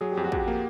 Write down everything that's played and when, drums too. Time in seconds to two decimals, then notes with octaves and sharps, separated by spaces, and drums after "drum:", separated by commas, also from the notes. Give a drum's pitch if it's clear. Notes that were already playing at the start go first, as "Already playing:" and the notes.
0.01 F#3 G#4
0.12 G4
0.17 F2
0.24 F#4
0.32 F2 G4, drum: kick
0.48 A#3